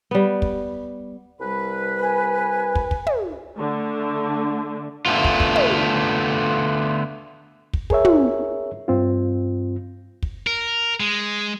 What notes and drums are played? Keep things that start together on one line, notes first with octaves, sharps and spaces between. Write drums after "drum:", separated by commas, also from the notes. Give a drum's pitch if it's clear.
G3 B3
drum: kick
C2 G3 B4
G#5
drum: kick
drum: kick
drum: tom
D3 A3
D3 A3 B3 F4
drum: kick
drum: kick
drum: tom
drum: kick
G#4 A#4 C#5 E5, drum: kick
drum: tom
G2 C4 F4
drum: kick
A#4
G#3